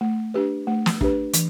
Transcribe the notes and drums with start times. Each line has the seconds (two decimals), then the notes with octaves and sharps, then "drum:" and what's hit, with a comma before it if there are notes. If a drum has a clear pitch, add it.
0.01 A3
0.34 D4 G4 B4
0.67 A3
0.86 drum: snare
1.01 D4 G4 B4, drum: kick
1.33 E3, drum: hi-hat